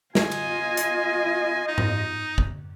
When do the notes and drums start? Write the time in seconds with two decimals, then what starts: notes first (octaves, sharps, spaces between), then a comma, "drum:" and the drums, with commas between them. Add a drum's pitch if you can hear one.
0.15 F4 D#5 G#5, drum: snare
0.32 drum: cymbal
0.77 drum: hi-hat
1.68 D#4
1.78 drum: tom G#2
2.38 drum: kick